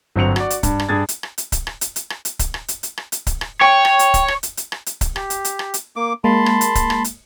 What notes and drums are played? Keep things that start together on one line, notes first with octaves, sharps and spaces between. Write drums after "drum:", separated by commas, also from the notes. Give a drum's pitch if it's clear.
G1 F#3 C4 F#4 C#7 F7
F#4 D5, drum: rim click
drum: hi-hat
G2, drum: kick C#1, hi-hat
drum: rim click
G2 G#4 G#6 A6
drum: hi-hat
drum: rim click
drum: hi-hat
drum: kick C#1, hi-hat
drum: rim click
drum: hi-hat
drum: hi-hat
drum: rim click
drum: hi-hat
drum: kick C#1, hi-hat
drum: rim click
drum: hi-hat
drum: hi-hat
drum: rim click
drum: hi-hat
drum: kick C#1, hi-hat
drum: rim click
C#5 G5
drum: rim click
drum: hi-hat
drum: kick C#1, hi-hat
drum: rim click
drum: hi-hat
drum: hi-hat
drum: rim click
drum: hi-hat
drum: kick C#1, hi-hat
G4, drum: rim click
drum: hi-hat
drum: hi-hat
drum: rim click
drum: hi-hat
A#3 D6
G#3 A#3 A5 B5 C6
drum: rim click
drum: hi-hat
drum: kick C#1, hi-hat
drum: rim click
drum: hi-hat